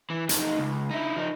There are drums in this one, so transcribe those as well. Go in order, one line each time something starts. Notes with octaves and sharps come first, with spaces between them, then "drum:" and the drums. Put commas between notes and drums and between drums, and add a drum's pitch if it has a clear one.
E3
F2 D#4, drum: hi-hat
C#2
D#4 E4
F3 D#4